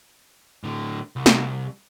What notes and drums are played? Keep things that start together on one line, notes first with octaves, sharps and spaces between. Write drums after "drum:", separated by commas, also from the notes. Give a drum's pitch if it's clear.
A2 D3
C2
drum: snare